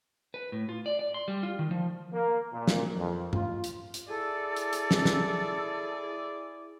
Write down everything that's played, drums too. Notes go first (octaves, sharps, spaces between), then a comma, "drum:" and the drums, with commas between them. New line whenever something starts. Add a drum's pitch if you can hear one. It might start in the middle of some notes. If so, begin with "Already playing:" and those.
B4
A2
F4
D5
D5
C6
G3
F4
D#3
F3
A#3
A#2
drum: snare
F2
F4, drum: tom G2
drum: hi-hat
drum: hi-hat
E4 G#4 A4 D5
drum: hi-hat
drum: hi-hat
drum: snare
drum: snare